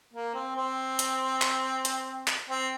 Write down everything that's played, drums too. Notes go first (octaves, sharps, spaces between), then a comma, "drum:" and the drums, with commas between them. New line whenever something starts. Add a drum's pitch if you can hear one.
A#3
C4
C4
drum: hi-hat
drum: clap
drum: hi-hat
drum: clap
C4